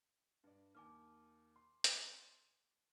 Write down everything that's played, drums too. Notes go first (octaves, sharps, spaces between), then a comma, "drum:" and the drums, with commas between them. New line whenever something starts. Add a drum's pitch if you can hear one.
G2 D5
D#2 G#5 D6 F6
C6
drum: hi-hat